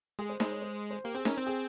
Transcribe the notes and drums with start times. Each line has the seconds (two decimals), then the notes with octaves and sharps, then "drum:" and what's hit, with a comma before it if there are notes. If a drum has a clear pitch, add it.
0.19 G#3 G#4
0.29 C5
0.40 G#3 C5, drum: snare D#4
0.51 C#5
0.62 C5
0.91 C5
1.04 A#3 G4
1.15 C4 G#4
1.25 C#4 A#4, drum: snare D#4
1.37 C4 C5
1.47 G#4